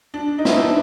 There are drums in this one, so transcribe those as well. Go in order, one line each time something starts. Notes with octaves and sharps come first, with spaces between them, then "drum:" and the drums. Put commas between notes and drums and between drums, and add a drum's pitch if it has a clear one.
D4
D#4
E4, drum: snare
D#4
D4